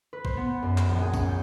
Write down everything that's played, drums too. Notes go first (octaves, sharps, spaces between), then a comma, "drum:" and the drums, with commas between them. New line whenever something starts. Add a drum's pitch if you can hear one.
B4
C5, drum: kick A#1
B3
F#2
drum: clap
A#1
G#4
C#4, drum: kick A#1, tambourine
G6